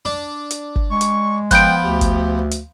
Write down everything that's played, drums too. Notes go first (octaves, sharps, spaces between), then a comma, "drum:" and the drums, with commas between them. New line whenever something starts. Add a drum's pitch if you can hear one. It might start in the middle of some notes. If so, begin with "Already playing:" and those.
D4
drum: hi-hat
drum: kick
G#3 C#6
drum: hi-hat
F3 B3 G5 F#6 G6 D7, drum: kick, hi-hat
D2 G4
drum: kick, hi-hat
drum: hi-hat